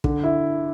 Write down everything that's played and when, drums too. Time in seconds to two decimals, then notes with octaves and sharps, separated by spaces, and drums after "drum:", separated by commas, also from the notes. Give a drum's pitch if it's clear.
0.04 D3, drum: kick
0.24 E4